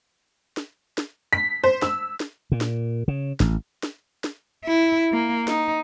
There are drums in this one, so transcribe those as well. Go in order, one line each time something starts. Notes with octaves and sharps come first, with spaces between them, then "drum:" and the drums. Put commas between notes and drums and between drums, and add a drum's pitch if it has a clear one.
drum: snare
drum: snare
B6
C5
E6, drum: snare
drum: snare
A#2
drum: snare
C#3
A1, drum: snare
drum: snare
drum: snare
E4
A#3
D#4, drum: snare